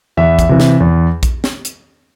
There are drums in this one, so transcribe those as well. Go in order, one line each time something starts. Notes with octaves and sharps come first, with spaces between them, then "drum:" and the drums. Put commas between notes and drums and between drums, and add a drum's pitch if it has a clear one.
E2 E5
drum: kick A#1, hi-hat
C3 E3
drum: snare
E2
drum: kick A#1, hi-hat
drum: snare
drum: hi-hat